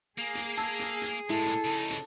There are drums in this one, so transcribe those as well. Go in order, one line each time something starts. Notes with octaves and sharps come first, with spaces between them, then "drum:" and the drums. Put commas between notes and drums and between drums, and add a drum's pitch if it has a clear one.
A#3 G#4
drum: hi-hat
A5 E6 G#6, drum: hi-hat
drum: hi-hat
drum: hi-hat
A2 G#3 E4 A4
drum: hi-hat
C#3 D#4
drum: hi-hat